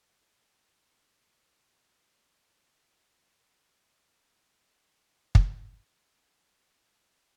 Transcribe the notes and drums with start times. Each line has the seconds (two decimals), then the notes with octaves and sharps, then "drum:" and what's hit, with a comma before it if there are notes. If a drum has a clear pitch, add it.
0.05 E3 A#3 C#4 D4 E4 F4
0.32 D#4 E4 F#4 A4 B4 C#5
0.54 C4 G#4 G5
0.69 C3 G#3 C4 A#4 B4 E5
1.20 F3 G#3 A#3 F4
1.47 E4 F#4 A#4
2.45 A#2 G#3 A4
3.30 E3 G#3 D4 F4 F#5
3.49 D#3 F#3 A3 F#5
4.87 E1 F#2 A#6 B6 F#7
5.35 drum: kick
5.89 A#4 C5
6.31 F#2 F#5 A#6 C7